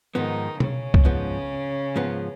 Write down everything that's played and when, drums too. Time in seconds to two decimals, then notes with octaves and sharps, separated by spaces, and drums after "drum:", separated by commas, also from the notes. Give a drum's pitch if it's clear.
0.15 G#2 D#3 F3 B3 D#4
0.60 C#3 C#4, drum: tom
0.94 drum: kick C2
1.05 G#2 F3 B3
1.96 G#2 F3 B3